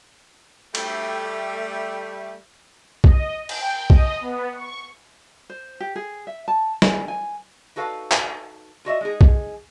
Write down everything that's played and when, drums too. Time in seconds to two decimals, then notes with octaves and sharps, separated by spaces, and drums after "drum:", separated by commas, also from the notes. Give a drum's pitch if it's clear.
0.75 G3 A3 G4, drum: cymbal
3.04 D#5, drum: kick B1
3.49 G5, drum: cymbal
3.90 D#5, drum: kick B1
4.21 B3
4.55 C#6
5.50 C5
5.80 G4
5.96 G#4
6.27 E5
6.48 A5
6.82 G#5, drum: snare
7.08 G#5
7.76 D#4 F#4 A4 B4 F5
8.11 drum: clap
8.85 F4 F#4 D#5 E5
9.01 G#3 D#4 G#4
9.21 drum: kick B1